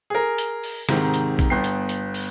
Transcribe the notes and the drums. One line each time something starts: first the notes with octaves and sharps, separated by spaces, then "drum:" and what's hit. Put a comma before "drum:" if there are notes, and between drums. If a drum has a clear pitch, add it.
G#4 A#4
drum: hi-hat
drum: open hi-hat
G#2 C3 D#3, drum: snare
drum: hi-hat
drum: kick A#1, hi-hat
G1 B3 G5 C7
drum: hi-hat
drum: hi-hat
drum: open hi-hat